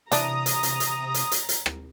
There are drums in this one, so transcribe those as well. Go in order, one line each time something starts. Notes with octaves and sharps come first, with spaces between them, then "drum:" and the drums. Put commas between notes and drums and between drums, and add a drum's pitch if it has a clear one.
C3 E3 D4 A#5 D#6, drum: hi-hat
drum: hi-hat
drum: hi-hat
drum: hi-hat
drum: hi-hat
drum: hi-hat
drum: hi-hat
drum: rim click